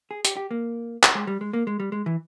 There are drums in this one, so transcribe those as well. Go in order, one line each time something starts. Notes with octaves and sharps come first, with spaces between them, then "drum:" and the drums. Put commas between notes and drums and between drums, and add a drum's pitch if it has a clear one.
G#4
G4, drum: hi-hat
G4
A#3
drum: clap
G#3
G3
G#3
A#3
G#3
G3
G#3
E3